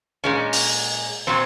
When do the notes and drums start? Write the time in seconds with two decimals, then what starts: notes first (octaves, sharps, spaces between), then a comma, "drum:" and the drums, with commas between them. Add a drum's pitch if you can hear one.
0.24 A#2 G#3 C#4
0.53 drum: open hi-hat
1.27 A#2 F#3 C4